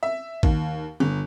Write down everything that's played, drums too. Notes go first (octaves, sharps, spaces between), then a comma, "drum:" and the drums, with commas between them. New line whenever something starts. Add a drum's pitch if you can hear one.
E5
D#2, drum: kick
G1